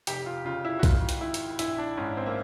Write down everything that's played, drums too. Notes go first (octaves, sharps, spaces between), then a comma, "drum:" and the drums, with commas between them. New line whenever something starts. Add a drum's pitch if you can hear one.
F1 G4, drum: hi-hat
F4
C#3 F4
E4
F#4
G#1 F4, drum: kick, hi-hat
drum: hi-hat
G#1 E4
drum: hi-hat
A#1 E4, drum: hi-hat
D4
G#2 C#4
C4
A#3